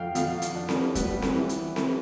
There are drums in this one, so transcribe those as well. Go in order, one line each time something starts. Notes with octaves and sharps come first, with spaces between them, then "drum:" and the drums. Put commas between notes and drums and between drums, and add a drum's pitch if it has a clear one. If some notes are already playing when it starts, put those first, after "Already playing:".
Already playing: F2 F5 G5
F2 F5, drum: hi-hat
drum: hi-hat
D4
drum: snare C4
G3 B4, drum: kick, hi-hat
drum: snare C4
E3
drum: hi-hat
drum: snare C4